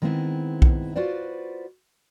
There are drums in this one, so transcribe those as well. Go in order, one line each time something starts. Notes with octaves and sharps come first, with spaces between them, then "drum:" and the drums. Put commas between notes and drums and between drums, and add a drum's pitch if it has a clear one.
D#3 G#3 B3 C4 E4
drum: kick B1
F4 F#4 B4 C5 D5